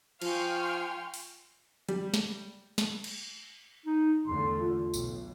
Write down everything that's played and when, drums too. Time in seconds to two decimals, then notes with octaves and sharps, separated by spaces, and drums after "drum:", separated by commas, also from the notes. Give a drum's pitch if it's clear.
0.22 F3 F5 G5 G#5 C6 C#6 F6, drum: cymbal
1.14 drum: open hi-hat
1.88 G3, drum: hi-hat
2.14 drum: snare
2.78 drum: snare
3.04 drum: cymbal
3.86 D#4
4.27 E2 D3 A3 C6
4.58 F4
4.94 B1, drum: tambourine